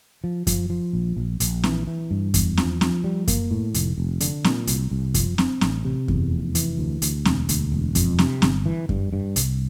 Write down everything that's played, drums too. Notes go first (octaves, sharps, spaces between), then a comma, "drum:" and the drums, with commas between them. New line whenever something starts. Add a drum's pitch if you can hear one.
F3
F3, drum: kick F#2, hi-hat
F3
A#1
A#1
A#1, drum: hi-hat
E3, drum: snare C4
E3
G2
E2, drum: kick F#2, hi-hat
F3, drum: snare C4
F3, drum: snare C4
G3
A#3, drum: kick F#2, hi-hat
A2
F1, drum: hi-hat
F1
D3, drum: hi-hat
A#2, drum: snare C4
C2, drum: hi-hat
C2
F3, drum: kick F#2, hi-hat
C4, drum: snare C4
A1, drum: snare C4
C3
E2, drum: kick F#2
F1
E3, drum: hi-hat
D2
D2, drum: hi-hat
E1, drum: snare C4
D2, drum: hi-hat
E1
F2, drum: kick F#2, hi-hat
C3, drum: snare C4
G1, drum: snare C4
E3
G2, drum: kick F#2
G2
C2, drum: hi-hat